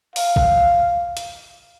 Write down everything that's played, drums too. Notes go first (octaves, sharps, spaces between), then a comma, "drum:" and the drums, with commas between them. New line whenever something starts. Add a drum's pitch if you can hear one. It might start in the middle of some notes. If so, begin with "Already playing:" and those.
F5, drum: open hi-hat
drum: kick
drum: hi-hat